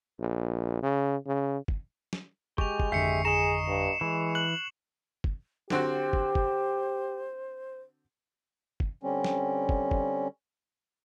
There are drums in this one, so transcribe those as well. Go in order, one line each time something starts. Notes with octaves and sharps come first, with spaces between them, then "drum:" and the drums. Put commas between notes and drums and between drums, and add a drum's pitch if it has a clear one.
A#1
C#3
C#3
drum: kick
drum: snare
G#3 G4 C#6 F7, drum: kick
drum: kick
G#1 F2 D3 G4 E5 C7 C#7
G#4 D#5 A#5 E7
G2
E3 G#3
F#6 F#7
drum: kick
D3 C4 F#4 G4 C5, drum: snare
drum: kick
drum: kick
drum: kick
D3 G3 C4 C#4
drum: snare
drum: kick
drum: kick